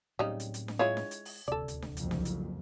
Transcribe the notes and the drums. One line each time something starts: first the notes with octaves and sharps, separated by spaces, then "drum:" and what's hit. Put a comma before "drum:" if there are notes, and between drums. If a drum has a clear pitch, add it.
A2 C#3 F#3 G3 C4 D#4
drum: hi-hat
drum: hi-hat
drum: snare D4
G#3 E4 F4 C#5
drum: snare D4
drum: hi-hat
drum: open hi-hat
D#1 D2 C3 A4 D5
drum: hi-hat
drum: snare D4
F#1 C2 F2, drum: hi-hat
drum: snare D4
drum: hi-hat